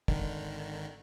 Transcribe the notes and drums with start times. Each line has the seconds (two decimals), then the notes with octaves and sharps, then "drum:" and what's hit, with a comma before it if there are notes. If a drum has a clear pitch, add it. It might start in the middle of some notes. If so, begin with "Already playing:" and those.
0.08 G#1 D3 D#3, drum: kick